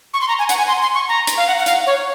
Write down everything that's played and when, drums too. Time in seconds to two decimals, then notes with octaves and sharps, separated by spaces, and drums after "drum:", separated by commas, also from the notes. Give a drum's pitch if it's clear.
0.14 C#6
0.21 C6
0.28 A#5
0.39 G#5
0.49 F#5, drum: hi-hat
0.58 G#5
0.68 C6
0.82 C6
0.94 C#6
1.08 A#5
1.27 drum: hi-hat
1.38 F5
1.48 F#5
1.59 F#5
1.66 F5, drum: hi-hat
1.87 C#5